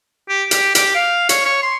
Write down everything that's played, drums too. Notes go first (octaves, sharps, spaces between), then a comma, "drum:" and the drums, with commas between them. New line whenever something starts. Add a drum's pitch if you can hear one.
G4
G4, drum: hi-hat
G4, drum: hi-hat
F5
C#5, drum: hi-hat
C#5
C6